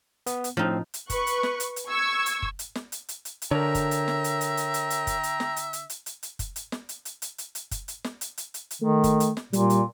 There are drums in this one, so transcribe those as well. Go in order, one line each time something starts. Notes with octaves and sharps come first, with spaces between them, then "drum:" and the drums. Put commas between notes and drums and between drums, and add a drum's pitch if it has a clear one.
B3, drum: hi-hat
drum: hi-hat
A2 F3 C4 D#4
drum: hi-hat
B4 C#6 F#6, drum: kick, hi-hat
drum: hi-hat
drum: snare
drum: hi-hat
drum: hi-hat
C#6 E6 G#6
drum: hi-hat
drum: kick
drum: hi-hat
drum: snare
drum: hi-hat
drum: hi-hat
drum: hi-hat
drum: hi-hat
D3 A#4 C#5 E5 G5 A#5
drum: kick, hi-hat
drum: hi-hat
drum: snare
drum: hi-hat
drum: hi-hat
drum: hi-hat
drum: hi-hat
drum: hi-hat
drum: kick, hi-hat
drum: hi-hat
drum: snare
drum: hi-hat
drum: hi-hat
drum: hi-hat
drum: hi-hat
drum: hi-hat
drum: kick, hi-hat
drum: hi-hat
drum: snare
drum: hi-hat
drum: hi-hat
drum: hi-hat
drum: hi-hat
drum: hi-hat
drum: kick, hi-hat
drum: hi-hat
drum: snare
drum: hi-hat
drum: hi-hat
drum: hi-hat
drum: hi-hat
D#3 A3
drum: kick, hi-hat
drum: hi-hat
drum: snare
A#2 G3, drum: hi-hat
drum: hi-hat